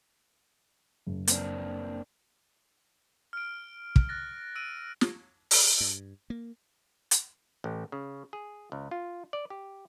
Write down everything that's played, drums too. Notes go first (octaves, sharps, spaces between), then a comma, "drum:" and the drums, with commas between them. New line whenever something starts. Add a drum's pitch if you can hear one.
F#1
A#3 C4 D4, drum: hi-hat
F6 D7
drum: kick
F#6 A6 A#6
E6 D7 D#7
drum: snare
drum: open hi-hat
G2
A#3
drum: hi-hat
A1
C#3
G#4
C#2
F4
D5
G4